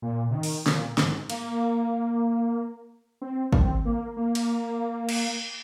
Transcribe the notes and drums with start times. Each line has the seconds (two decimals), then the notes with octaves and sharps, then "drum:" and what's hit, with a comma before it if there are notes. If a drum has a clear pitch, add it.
0.02 A#2
0.31 C3
0.34 D#3
0.43 drum: open hi-hat
0.66 A#2, drum: snare
0.98 G#2, drum: snare
1.30 A#3, drum: cymbal
3.22 C4
3.53 C4, drum: kick
3.85 A#3
4.17 A#3
4.35 drum: cymbal
5.09 drum: cymbal